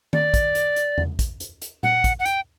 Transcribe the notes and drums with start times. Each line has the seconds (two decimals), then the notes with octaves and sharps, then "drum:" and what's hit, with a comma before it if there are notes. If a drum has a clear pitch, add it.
0.13 D5, drum: tom D#3
0.34 drum: kick, hi-hat
0.55 drum: hi-hat
0.76 drum: hi-hat
0.98 drum: tom E2
1.19 drum: kick, hi-hat
1.40 drum: hi-hat
1.62 drum: hi-hat
1.83 F#5, drum: tom A#2
2.04 drum: kick, hi-hat
2.19 F#5
2.25 G5, drum: hi-hat